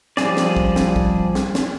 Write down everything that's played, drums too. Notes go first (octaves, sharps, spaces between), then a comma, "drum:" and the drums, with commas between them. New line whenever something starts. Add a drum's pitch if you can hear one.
F3 G3 G#4 D5, drum: snare
drum: snare
drum: kick
drum: snare
drum: kick
drum: snare
drum: snare